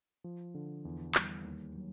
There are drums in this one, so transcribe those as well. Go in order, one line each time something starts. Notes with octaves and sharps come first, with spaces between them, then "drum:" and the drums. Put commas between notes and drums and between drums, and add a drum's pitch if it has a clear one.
F3
D3
E2
G3, drum: clap
D#2
F#3